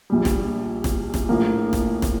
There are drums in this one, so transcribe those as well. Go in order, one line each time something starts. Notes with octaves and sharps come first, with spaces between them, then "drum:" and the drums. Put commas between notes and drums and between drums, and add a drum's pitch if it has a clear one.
A#1 A#2 G3
drum: snare
drum: snare
drum: snare
A#1 A2 F3 A#3
drum: snare
drum: snare